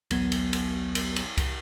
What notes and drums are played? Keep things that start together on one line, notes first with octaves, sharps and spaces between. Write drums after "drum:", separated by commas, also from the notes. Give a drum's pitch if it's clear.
A1 D2 F#3 B3 G#6, drum: cymbal
drum: cymbal
drum: cymbal
drum: cymbal
drum: cymbal
drum: kick C2, cymbal